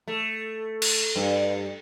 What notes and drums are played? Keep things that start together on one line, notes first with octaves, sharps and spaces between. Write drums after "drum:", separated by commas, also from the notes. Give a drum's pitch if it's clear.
A3
drum: cymbal
G2